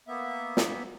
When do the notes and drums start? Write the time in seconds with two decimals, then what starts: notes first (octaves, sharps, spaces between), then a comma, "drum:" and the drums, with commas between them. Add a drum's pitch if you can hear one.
0.08 A#3 B3 E5
0.57 drum: snare